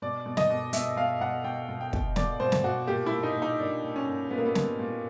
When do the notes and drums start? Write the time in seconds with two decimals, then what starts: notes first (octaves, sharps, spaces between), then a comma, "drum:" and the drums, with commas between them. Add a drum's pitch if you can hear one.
0.02 B2 D5
0.26 B2
0.37 D#5, drum: snare
0.50 B2
0.73 B2 E5, drum: hi-hat
0.97 B2 F5
1.21 B2 F#5
1.44 B2 G5
1.69 B2
1.81 G5
1.93 B2, drum: kick
2.16 B2 D5, drum: snare
2.40 B2 C5
2.52 drum: snare
2.64 B2 F#4
2.87 A#2 G4
3.06 A#2 E4
3.23 D#4
3.36 A#2
3.42 D#4
3.59 A#2 D4
3.83 A#2
3.96 C#4
4.08 A#2
4.31 A#2 B3
4.38 A#3
4.46 B3
4.55 A#2, drum: snare
4.79 A#2